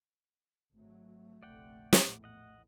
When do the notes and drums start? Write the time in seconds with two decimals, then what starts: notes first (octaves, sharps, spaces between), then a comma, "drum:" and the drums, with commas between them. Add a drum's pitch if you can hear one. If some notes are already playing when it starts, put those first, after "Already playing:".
0.74 G#1 F#3 A3
1.43 F1 A#1 D3 D5 F#5 G5
1.93 A#1 E2 A2, drum: snare
2.24 D#5 F#5